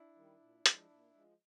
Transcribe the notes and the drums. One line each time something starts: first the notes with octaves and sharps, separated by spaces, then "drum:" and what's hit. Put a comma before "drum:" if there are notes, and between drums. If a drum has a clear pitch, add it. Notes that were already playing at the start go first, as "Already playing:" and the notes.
Already playing: D4 E4
D#3 G3
A#2
F3 G#3, drum: hi-hat
A#2
F3 G#3